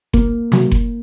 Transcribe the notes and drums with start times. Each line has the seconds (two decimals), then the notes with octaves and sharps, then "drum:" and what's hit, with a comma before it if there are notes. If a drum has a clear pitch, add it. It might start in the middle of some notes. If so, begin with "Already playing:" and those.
0.13 C2 A#3, drum: kick F#1
0.52 C3 F#3, drum: snare
0.71 drum: kick F#1